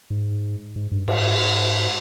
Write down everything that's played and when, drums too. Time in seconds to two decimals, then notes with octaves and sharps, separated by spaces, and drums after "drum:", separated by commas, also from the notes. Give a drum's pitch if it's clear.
0.10 G#2
0.76 G#2
0.92 G2
1.08 G#2, drum: cymbal